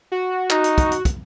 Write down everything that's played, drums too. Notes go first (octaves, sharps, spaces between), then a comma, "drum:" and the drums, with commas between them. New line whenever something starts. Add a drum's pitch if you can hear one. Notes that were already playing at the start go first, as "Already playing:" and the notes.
F#4
D#4, drum: clap
drum: hi-hat
drum: kick, hi-hat
drum: hi-hat
drum: kick, hi-hat